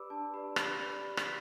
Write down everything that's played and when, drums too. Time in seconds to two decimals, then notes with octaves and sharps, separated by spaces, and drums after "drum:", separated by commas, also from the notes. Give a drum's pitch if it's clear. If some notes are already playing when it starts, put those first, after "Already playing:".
Already playing: G4 B4 D5 B5 D6 E6
0.10 D4 A5
0.34 G4 B4 D5 B5
0.56 G4 B5, drum: rim click
0.80 D5 A6
1.02 G4 A6
1.17 B6, drum: rim click